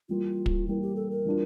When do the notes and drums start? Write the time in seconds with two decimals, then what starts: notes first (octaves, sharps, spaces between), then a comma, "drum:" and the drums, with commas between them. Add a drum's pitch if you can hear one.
0.09 E3 G3 A#3 F4
0.46 drum: kick
0.67 E3 G3 A#3 E4
0.82 G4
0.96 A4
1.11 A#4
1.25 E3 G3 D4 F4